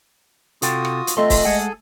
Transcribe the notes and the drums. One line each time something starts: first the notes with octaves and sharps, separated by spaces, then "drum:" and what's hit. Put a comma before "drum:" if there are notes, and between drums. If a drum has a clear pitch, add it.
C3 F4 F#4 A4 G5 D#6, drum: hi-hat
drum: rim click
drum: hi-hat
A3 C4 F4 D#5 C6
drum: kick, open hi-hat
G#3 G#4 A4 F#5 G#5